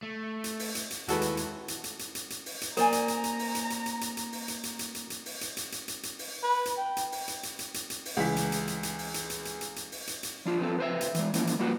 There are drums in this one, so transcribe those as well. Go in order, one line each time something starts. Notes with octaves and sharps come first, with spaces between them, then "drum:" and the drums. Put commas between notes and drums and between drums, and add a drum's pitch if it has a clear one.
A3
drum: hi-hat
drum: open hi-hat
drum: hi-hat
drum: hi-hat
D#2 G#3 E4 F#4 A4 B4, drum: hi-hat
drum: hi-hat
drum: hi-hat
drum: hi-hat
drum: hi-hat
drum: hi-hat
drum: hi-hat
drum: hi-hat
drum: open hi-hat
drum: hi-hat
A#3 A#4 C5 D5 G#5 A#5, drum: hi-hat
drum: hi-hat
drum: hi-hat
drum: hi-hat
drum: open hi-hat
drum: hi-hat
drum: hi-hat
drum: hi-hat
drum: hi-hat
drum: hi-hat
drum: open hi-hat
drum: hi-hat
drum: hi-hat
drum: hi-hat
drum: hi-hat
drum: hi-hat
drum: open hi-hat
drum: hi-hat
drum: hi-hat
drum: hi-hat
drum: hi-hat
drum: hi-hat
drum: open hi-hat
B4
drum: hi-hat
G5
drum: hi-hat
drum: open hi-hat
drum: hi-hat
drum: hi-hat
drum: hi-hat
drum: hi-hat
drum: hi-hat
drum: open hi-hat
C#2 E3 B6
drum: hi-hat
drum: hi-hat
drum: hi-hat
drum: hi-hat
drum: open hi-hat
drum: hi-hat
drum: hi-hat
drum: hi-hat
drum: hi-hat
drum: hi-hat
drum: open hi-hat
drum: hi-hat
drum: hi-hat
F3 D4 F4
F3 B3 C4 A4
B4 C5 E5
drum: hi-hat
E3 G#3, drum: hi-hat
E3 F3 A#3 C#4 E4, drum: hi-hat
drum: hi-hat
G3 A#3 F4 F#4 B4 F#5